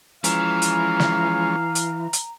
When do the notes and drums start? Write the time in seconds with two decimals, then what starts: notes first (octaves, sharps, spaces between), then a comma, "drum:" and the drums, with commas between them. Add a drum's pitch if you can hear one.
0.24 E3 F3 G#3 C#4 F5 A#5, drum: hi-hat
0.62 drum: hi-hat
1.00 drum: snare
1.75 drum: hi-hat
2.13 drum: hi-hat